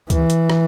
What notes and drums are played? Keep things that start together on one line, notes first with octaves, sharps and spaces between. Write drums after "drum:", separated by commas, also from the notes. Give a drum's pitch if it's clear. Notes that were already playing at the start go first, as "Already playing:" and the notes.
E3, drum: kick C#2, hi-hat
drum: hi-hat
drum: rim click